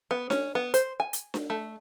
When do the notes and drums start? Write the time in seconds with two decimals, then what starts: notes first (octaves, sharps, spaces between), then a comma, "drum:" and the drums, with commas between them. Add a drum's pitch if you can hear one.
0.11 B3
0.30 C#4, drum: snare D4
0.55 B3
0.74 C5, drum: hi-hat
1.00 G#5
1.13 drum: hi-hat
1.34 drum: snare D4
1.50 A3